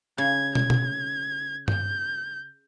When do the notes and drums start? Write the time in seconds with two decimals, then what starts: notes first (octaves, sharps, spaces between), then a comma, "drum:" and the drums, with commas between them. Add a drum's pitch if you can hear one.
0.18 C#3 G#6
0.55 G#6, drum: tom
0.70 drum: tom B2
1.68 G6, drum: tom G2